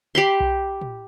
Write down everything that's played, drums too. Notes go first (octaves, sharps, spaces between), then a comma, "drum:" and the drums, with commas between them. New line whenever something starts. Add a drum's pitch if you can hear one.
G4 B5 C6
drum: kick B1
drum: tom